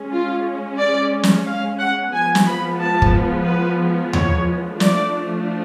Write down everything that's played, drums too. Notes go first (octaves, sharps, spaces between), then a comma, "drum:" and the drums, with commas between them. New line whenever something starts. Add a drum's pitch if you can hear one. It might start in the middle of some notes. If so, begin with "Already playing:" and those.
Already playing: G#3 C#4
F4
D5
drum: snare
F5
F#5
F3 G#3 B3 G#5
drum: snare
B5
A5
drum: kick
B4
C#5, drum: tom D#2
F3 A3 D4 D5, drum: snare